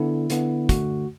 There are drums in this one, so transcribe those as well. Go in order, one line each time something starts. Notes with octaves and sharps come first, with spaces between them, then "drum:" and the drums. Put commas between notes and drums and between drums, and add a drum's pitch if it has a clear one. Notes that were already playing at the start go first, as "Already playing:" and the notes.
Already playing: D3 B3 E4
D3 B3 E4, drum: hi-hat
D3 A3 F#4, drum: kick, hi-hat